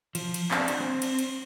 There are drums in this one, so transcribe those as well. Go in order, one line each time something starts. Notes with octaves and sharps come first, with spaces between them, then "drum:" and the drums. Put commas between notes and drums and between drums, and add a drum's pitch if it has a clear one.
F3, drum: cymbal
drum: cymbal
C4 D4, drum: clap
drum: cymbal
C4
drum: cymbal
drum: cymbal